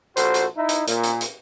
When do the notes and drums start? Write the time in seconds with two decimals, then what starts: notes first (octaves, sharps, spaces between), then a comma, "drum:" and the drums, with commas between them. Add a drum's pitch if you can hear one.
0.17 A#1 F#4 A4 C5, drum: hi-hat
0.34 drum: hi-hat
0.57 D#4 E4
0.69 drum: hi-hat
0.87 A#2, drum: hi-hat
1.03 drum: hi-hat
1.21 drum: hi-hat